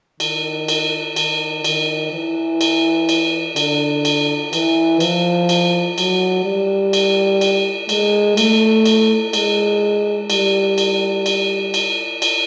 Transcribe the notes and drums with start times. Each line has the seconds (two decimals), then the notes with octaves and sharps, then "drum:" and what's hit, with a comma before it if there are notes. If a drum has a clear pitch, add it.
0.20 D#3, drum: cymbal
0.68 drum: cymbal
1.16 D#3, drum: cymbal
1.64 D#3, drum: cymbal
2.13 E3
2.61 drum: cymbal
3.09 drum: cymbal
3.56 D3, drum: cymbal
4.05 drum: cymbal
4.53 E3, drum: cymbal
5.00 F3, drum: cymbal
5.49 drum: cymbal
5.98 F#3, drum: cymbal
6.45 G3
6.93 drum: cymbal
7.41 drum: cymbal
7.89 G#3, drum: cymbal
8.37 A3, drum: cymbal
8.85 drum: cymbal
9.33 G#3, drum: cymbal
10.30 G3, drum: cymbal
10.78 drum: cymbal
11.26 drum: cymbal
11.74 drum: cymbal
12.22 drum: cymbal